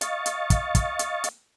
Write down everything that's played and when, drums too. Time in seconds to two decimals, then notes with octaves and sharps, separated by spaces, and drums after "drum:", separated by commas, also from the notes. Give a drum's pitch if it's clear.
0.01 D#5 F5 C#6 A6, drum: hi-hat
0.26 drum: hi-hat
0.50 drum: kick, hi-hat
0.75 drum: kick, hi-hat
0.99 drum: hi-hat
1.24 drum: hi-hat